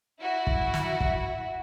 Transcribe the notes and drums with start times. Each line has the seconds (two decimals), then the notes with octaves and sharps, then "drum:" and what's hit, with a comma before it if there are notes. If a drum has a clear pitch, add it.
0.20 E4 F#4
0.47 drum: kick
0.74 drum: snare
1.00 drum: kick